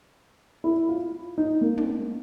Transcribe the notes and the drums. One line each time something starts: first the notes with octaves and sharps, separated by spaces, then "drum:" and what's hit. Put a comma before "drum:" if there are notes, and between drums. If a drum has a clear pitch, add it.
E4
F4
D#4
A#3
drum: tom